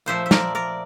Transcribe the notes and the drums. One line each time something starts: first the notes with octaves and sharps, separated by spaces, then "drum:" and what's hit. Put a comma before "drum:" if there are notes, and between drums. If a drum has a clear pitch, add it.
A#2 F3 A3 C5 E5
E5
A#4 D5, drum: snare
A#4 D5